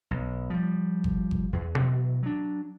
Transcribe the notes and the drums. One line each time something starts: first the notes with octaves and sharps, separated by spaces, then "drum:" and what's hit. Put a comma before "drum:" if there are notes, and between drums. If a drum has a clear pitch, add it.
B1
F3 G3
drum: kick G1
drum: kick G1
E2
B2 E3 F#3
F#3 D4